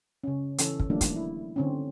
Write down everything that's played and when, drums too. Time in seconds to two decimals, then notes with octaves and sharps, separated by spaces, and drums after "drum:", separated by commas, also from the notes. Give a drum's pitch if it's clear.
0.24 C#3 C#4
0.58 E3 C#4 A4, drum: hi-hat
0.80 drum: kick
0.90 D#3 F3 G3 A3 A#3 D4
1.01 drum: kick, hi-hat
1.16 E4
1.56 D3 C4 C#4